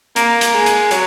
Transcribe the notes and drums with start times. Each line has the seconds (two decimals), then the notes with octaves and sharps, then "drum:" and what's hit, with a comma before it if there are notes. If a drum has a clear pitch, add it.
0.16 A#3, drum: hi-hat
0.41 drum: hi-hat
0.54 G#3
0.66 drum: hi-hat
0.91 F#3, drum: hi-hat